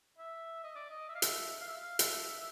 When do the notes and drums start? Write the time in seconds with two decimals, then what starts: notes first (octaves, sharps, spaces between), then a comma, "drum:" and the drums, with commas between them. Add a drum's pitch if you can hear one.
0.18 E5
0.63 D#5
0.75 D5
0.89 D#5
1.08 E5
1.15 F5
1.22 E5, drum: hi-hat
1.60 F5
1.68 E5
1.76 F5
1.99 E5, drum: hi-hat